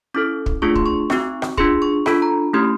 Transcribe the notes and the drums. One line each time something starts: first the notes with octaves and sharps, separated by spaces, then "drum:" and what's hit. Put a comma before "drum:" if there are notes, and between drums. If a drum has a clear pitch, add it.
C#4 E4 A4 D6
drum: kick
A3 D4 F4 G#4 C#6
C6, drum: kick
C#6
C4 D#4 F#4 C#6, drum: rim click
drum: rim click
D4 F4 G#4 C6, drum: kick
C#6
D4 F4 A4 B5, drum: rim click
A#5
A3 C#4 E4 G4 C6